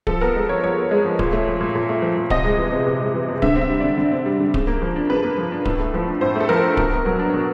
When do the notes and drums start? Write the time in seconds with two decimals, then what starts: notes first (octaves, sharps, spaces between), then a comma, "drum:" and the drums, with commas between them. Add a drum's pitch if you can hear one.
0.07 F3 A4, drum: kick D1
0.21 B3 A#4
0.36 G#3
0.49 F3 C#5
0.63 F3 C#5
0.78 B3
0.91 G#3
1.05 F3
1.19 A#2, drum: kick D1
1.33 A3
1.47 F3
1.61 A#2
1.75 A#2
1.89 A3
2.02 F3
2.16 A#2
2.30 C3 D#5, drum: kick D1
2.44 G#3
2.58 E3
2.72 C3
2.87 C3
3.00 G#3
3.14 E3
3.28 C3
3.42 D3 E5, drum: kick D1
3.56 C4
3.61 E5
3.70 G3
3.80 D3 D5
3.98 D3
4.12 C4
4.26 G3
4.40 D3
4.54 C#3, drum: kick D1
4.67 A#3
4.82 F3
4.96 D4
5.10 C#3 B4
5.23 A#3
5.38 F3
5.52 D4
5.65 A2, drum: kick D1
5.79 A3
5.94 F3
6.08 D4
6.21 A2 C5
6.36 A3 A4
6.49 F3 A#4
6.63 D4
6.77 B2, drum: kick D1
6.92 B3
7.06 F#3
7.19 D4
7.34 B2